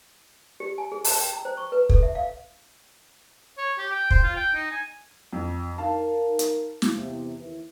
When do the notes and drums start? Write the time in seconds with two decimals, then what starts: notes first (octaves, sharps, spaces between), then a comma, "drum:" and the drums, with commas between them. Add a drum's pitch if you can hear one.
0.60 G4
0.78 G#5
0.92 G#4
1.04 A5, drum: open hi-hat
1.20 G5
1.33 A#5
1.45 C5
1.57 C#6
1.72 B4
1.89 A4, drum: kick
2.03 E5
2.15 F5
3.58 C#5
3.78 G4
3.91 G5
4.11 C5, drum: kick
4.23 F4
4.36 G5
4.54 D#4
4.71 G#5
5.33 F2
5.78 D#4 A#4 F5 A5
6.39 drum: hi-hat
6.82 drum: snare
6.96 E2 C3
7.38 D#2 E3